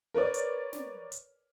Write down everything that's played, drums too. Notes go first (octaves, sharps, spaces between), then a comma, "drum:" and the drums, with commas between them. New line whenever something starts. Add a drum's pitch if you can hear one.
A#4 B4 C#5 D5
drum: hi-hat
drum: snare
drum: hi-hat